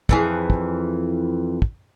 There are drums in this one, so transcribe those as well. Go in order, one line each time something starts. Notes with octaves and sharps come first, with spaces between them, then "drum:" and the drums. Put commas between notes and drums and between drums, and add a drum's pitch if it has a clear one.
F2 E3 G#4, drum: kick
drum: kick
drum: kick